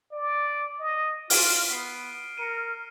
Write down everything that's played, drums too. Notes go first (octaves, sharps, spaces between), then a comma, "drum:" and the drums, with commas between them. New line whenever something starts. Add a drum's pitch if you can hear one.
D5
D#5
F4 F6 D7 D#7, drum: open hi-hat
B3 B6 C7
A#4 C#7 D#7